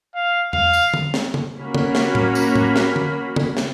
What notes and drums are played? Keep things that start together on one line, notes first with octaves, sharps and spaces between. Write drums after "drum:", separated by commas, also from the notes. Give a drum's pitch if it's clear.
F5
F5, drum: tom E2
drum: tambourine
drum: tom
drum: snare
drum: tom
A#3 C#4 F#4 B5
drum: tom
drum: snare
drum: tom A2
drum: tambourine
drum: tom A2
drum: snare
drum: tom
drum: tom
drum: snare